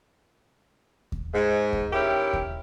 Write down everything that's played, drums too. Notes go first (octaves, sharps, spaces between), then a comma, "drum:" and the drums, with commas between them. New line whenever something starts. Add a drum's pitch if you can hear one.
drum: kick D#2
G#2
drum: kick D#2
D#3 C#4 E4 G4
drum: kick D#2